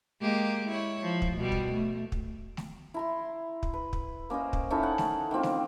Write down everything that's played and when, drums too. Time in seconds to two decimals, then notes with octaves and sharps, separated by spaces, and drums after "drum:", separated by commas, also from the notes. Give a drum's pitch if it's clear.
0.21 G#3 A#3 G4
0.69 E4 C#5
1.03 F3
1.22 drum: kick
1.37 B2 G3
1.52 drum: kick
1.72 A3
2.12 drum: kick
2.57 drum: snare A3
2.94 E4 A#5 C6
3.63 drum: kick
3.74 B4
3.93 drum: kick
4.30 A#3 C#4 C5 D#5
4.53 drum: kick
4.70 C#4 D#4 E4 A4
4.83 F#5
4.98 drum: snare A3
5.31 D#3 A#3 C4 F4
5.43 drum: snare A3